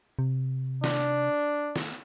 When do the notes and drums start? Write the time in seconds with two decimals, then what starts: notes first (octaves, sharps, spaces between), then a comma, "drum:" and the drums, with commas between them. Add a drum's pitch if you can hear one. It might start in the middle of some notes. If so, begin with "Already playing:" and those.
0.19 C3
0.84 D4, drum: snare
1.76 drum: snare